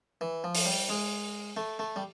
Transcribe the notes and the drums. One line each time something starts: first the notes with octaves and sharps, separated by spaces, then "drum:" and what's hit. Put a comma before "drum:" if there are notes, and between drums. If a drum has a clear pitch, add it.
E3
F3
drum: open hi-hat
G3
G#3
A3
A3
G3